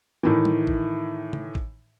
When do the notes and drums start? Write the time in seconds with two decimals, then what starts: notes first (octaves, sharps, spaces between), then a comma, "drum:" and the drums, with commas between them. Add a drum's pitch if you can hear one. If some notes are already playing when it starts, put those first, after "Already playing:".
0.23 A2 D#3 E3
0.45 drum: tom
0.67 drum: kick A1
1.33 drum: tom C#3
1.55 drum: kick A1